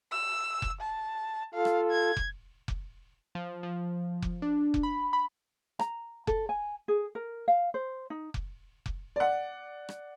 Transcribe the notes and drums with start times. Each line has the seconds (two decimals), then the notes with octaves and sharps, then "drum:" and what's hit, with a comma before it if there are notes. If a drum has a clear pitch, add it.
0.12 E6
0.62 drum: kick F1
0.81 A5
1.54 F4 A4 F5
1.65 drum: rim click
1.91 G#6
2.17 drum: kick F1
2.68 drum: kick F1
3.35 F3
3.63 F3
4.22 drum: kick F1
4.42 D4
4.74 drum: kick F1
4.83 B5
5.13 B5
5.79 A#5, drum: rim click
6.27 A4, drum: kick F1
6.49 G#5
6.88 G#4
7.15 A#4
7.48 F5
7.74 C5
8.10 D#4
8.34 drum: kick F1
8.86 drum: kick F1
9.16 D5 F#5
9.89 drum: rim click